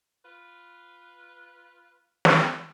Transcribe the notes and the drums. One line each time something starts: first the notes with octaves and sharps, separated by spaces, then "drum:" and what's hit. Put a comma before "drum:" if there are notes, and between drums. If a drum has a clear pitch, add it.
F4 B4
drum: snare